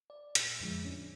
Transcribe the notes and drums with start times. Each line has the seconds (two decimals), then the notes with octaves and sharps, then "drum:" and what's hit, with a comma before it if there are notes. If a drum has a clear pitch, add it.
0.10 D5
0.35 A#2 E6 A#6, drum: hi-hat
0.60 F2 D3 F3 G#3
0.84 A2 C#4 D4